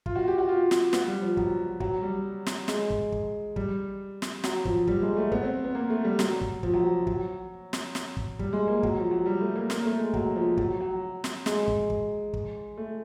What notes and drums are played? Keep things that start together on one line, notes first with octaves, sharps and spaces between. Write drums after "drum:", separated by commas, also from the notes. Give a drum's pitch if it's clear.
F4, drum: kick
F#4
G4
F#4
F4
drum: snare
B3, drum: snare
G3
F3
F#3, drum: kick
F#3, drum: kick
G3
drum: snare
G#3, drum: snare
drum: kick
drum: kick
G3, drum: kick
drum: snare
F#3, drum: snare
F3, drum: kick
G3, drum: kick
G#3
A3
B3, drum: kick
C4
B3
A#3
A3
G3
F#3, drum: snare
drum: kick
F3, drum: kick
F#3
F3
F#3, drum: kick
drum: snare
drum: snare
drum: kick
G3, drum: kick
G#3
A#3
F#3, drum: kick
F3
F#3
G3
A3
A#3
A#3, drum: snare
A3
G#3
F#3, drum: kick
F3
F#3, drum: kick
F#3
drum: snare
G#3, drum: snare
drum: kick
drum: kick
drum: kick
A3